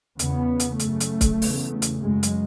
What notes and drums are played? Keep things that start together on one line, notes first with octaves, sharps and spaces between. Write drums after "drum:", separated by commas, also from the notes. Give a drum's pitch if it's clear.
E2 C#3 B3, drum: hi-hat
drum: hi-hat
F#2 C#3 A3, drum: hi-hat
drum: hi-hat
drum: kick, hi-hat
E2 C#3, drum: open hi-hat
drum: hi-hat
F#2 C#3 G#3
drum: hi-hat